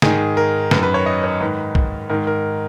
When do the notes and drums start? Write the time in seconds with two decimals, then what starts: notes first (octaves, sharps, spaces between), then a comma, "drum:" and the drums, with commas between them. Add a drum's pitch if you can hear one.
0.02 G#2 D#3 G#4, drum: snare
0.37 A#4
0.71 F#2 D#3 B4, drum: snare
0.83 B4
0.94 C#5
1.06 D#5
1.24 C#5
1.41 G#2 D#3 B4
1.75 drum: kick A#1
2.10 G#2 D#3 A#4
2.27 A#4